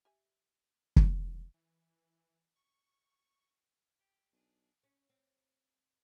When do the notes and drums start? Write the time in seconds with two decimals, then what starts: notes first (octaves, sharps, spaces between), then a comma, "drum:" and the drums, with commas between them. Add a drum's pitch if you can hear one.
0.05 G4 E5 G#5
0.96 drum: kick
1.54 E3
2.56 C#6
3.99 G4
4.33 B1 D4 G#4
4.83 C#4
5.09 C4